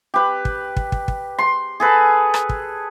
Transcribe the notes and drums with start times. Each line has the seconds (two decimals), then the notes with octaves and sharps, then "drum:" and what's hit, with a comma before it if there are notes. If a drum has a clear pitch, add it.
0.14 G4 B4
0.45 drum: kick
0.77 drum: kick
0.92 drum: kick
1.08 drum: kick
1.38 C6
1.80 G#4 A4 B4
2.34 drum: rim click
2.49 drum: kick